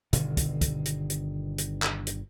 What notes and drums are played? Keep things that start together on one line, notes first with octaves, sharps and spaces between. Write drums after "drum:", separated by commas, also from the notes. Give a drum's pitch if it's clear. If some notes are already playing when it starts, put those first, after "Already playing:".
G1 B2 D3 D#3, drum: hi-hat
drum: kick, hi-hat
drum: kick, hi-hat
drum: hi-hat
drum: hi-hat
drum: hi-hat
drum: clap
drum: hi-hat